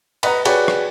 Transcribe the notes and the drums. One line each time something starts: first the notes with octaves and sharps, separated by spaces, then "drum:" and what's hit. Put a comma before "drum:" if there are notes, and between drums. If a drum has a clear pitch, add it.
B4 D#5 F#5 A#5, drum: cymbal
F#4 G#4 B4 C#5 D5 G5, drum: cymbal
drum: rim click